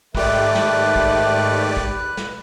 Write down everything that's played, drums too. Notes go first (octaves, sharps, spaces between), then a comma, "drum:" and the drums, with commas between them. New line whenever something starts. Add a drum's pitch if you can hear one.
G#2 D#3 A3 G4 B4 D5 F#6, drum: kick
drum: snare
drum: kick
drum: kick
drum: snare